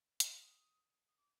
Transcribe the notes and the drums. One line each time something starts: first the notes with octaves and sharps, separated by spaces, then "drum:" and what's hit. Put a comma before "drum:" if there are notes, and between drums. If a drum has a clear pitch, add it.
D#6, drum: hi-hat
D#6
D6